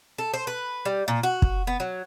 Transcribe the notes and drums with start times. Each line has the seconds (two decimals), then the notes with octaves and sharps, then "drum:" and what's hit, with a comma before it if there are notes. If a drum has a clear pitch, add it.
0.18 A4
0.33 C5
0.47 B4
0.85 G3
1.08 A#2
1.23 F#4
1.42 drum: kick
1.67 B3
1.80 F#3